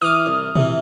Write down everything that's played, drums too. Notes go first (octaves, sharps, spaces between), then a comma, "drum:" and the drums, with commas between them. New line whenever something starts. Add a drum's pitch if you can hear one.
E3 D6 D#6 F6
C2
C3 E3, drum: tom A#2